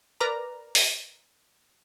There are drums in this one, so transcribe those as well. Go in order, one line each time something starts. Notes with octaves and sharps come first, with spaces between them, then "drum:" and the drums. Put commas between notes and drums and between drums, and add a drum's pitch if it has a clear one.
A#4 B4 D5 A#5
drum: open hi-hat